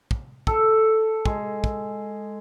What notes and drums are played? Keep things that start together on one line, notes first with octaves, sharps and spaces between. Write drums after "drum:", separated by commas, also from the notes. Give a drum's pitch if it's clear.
drum: kick
A4, drum: kick
G#3, drum: kick
drum: kick